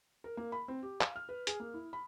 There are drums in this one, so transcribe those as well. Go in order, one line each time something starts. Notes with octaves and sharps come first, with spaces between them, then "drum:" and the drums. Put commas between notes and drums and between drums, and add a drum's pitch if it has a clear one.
A#4
A#3
B5
C4
G4
F5, drum: clap
F6
B4
G#4, drum: hi-hat
A#3
E4
B5